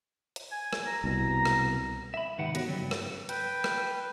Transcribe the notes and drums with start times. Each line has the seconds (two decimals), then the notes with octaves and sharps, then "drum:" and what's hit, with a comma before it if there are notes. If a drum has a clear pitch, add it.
0.36 drum: hi-hat
0.52 G#5
0.73 drum: rim click
0.87 A#5
1.04 C2 B2 A#5
1.45 drum: rim click
2.14 E5 B5
2.38 C2 G#2 D#3 G4 B4 F#5
2.55 D#3 B3 F#4 G4 A#4 C#5, drum: hi-hat
2.67 C#3 F#3 G3
2.80 G2
2.91 drum: rim click
3.29 B4 G5, drum: hi-hat
3.64 drum: rim click